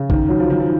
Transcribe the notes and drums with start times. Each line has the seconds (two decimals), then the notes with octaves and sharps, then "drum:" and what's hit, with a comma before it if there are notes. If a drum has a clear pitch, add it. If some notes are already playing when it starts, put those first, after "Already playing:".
Already playing: C#3
0.10 D#3, drum: kick
0.29 F#3
0.39 F3
0.50 D#3
0.60 F3